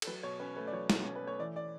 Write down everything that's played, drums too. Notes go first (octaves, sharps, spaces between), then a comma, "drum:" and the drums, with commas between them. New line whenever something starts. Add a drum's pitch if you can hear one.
A4, drum: cymbal
F#3 B4
B2 C#5
C#4 B4
A3 B4
D5
F#3 C#5
B2, drum: snare
C#4
B4
A3 C#5
E3 D5
D5